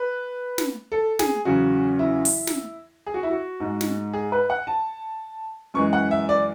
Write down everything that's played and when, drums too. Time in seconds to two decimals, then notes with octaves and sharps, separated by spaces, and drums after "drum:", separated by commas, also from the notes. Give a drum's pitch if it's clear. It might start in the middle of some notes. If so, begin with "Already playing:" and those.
Already playing: B4
0.58 drum: snare
0.92 A4
1.19 G#4, drum: snare
1.45 E2 C#3 F#3 F#4
1.99 E4
2.25 drum: open hi-hat
2.47 drum: snare
3.07 G#4
3.14 F#4
3.23 E4
3.31 F#4
3.60 G#2 G#3
3.81 drum: snare
4.13 G#4
4.32 B4
4.50 F#5
4.67 A5
5.74 F#2 E3 G#3 C#6
5.93 F#5
6.11 E5
6.29 D5